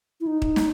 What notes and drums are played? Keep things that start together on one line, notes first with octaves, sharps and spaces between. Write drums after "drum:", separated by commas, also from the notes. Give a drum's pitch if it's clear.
E4
D#4
drum: kick
drum: snare